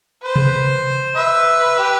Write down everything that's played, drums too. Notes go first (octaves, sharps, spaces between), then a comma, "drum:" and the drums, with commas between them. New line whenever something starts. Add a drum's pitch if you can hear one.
B4 C5
drum: tom C3
B4 E5
G4